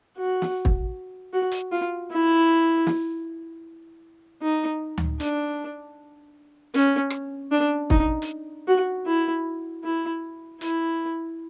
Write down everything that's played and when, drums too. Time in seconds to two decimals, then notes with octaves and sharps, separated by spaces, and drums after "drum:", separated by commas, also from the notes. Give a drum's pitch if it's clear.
0.17 F#4
0.42 drum: snare
0.65 drum: kick
1.33 F#4
1.52 drum: hi-hat
1.72 F4
2.11 E4
2.87 drum: snare
4.42 D#4
4.98 drum: tom D2
5.20 D4, drum: hi-hat
6.74 C#4, drum: hi-hat
7.10 drum: rim click
7.52 D4
7.90 D#4, drum: kick
8.22 drum: hi-hat
8.68 F#4
9.06 E4
9.84 E4
10.61 E4, drum: hi-hat